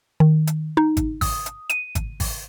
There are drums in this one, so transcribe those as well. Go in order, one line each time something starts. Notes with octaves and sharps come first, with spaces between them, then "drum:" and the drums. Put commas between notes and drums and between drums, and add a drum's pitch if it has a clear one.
D#3
drum: hi-hat
D#4
drum: kick G#1, hi-hat
D#6, drum: kick G#1, open hi-hat
drum: hi-hat
D#7, drum: hi-hat
drum: kick G#1, hi-hat
drum: kick G#1, open hi-hat